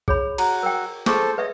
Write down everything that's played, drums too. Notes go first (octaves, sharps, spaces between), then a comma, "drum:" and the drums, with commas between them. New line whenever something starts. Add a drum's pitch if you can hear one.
G#4 C#5 B5, drum: kick A#1
F#4 A#5, drum: cymbal
A#4 G5
G#4 A4 C5 C#6, drum: snare
B4 C#5 D#5 E5